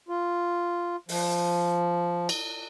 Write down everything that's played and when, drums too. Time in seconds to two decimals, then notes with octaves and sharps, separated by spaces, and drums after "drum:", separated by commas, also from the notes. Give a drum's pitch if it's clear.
0.09 F4
1.09 F3, drum: open hi-hat
2.29 drum: cymbal